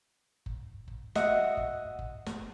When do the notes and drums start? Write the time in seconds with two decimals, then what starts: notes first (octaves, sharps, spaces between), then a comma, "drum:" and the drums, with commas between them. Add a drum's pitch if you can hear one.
0.46 drum: kick F#1
0.88 drum: kick F#1
1.15 F#4 D#5 E5 F#5, drum: snare
1.57 drum: kick F#1
1.99 drum: kick F#1
2.26 drum: snare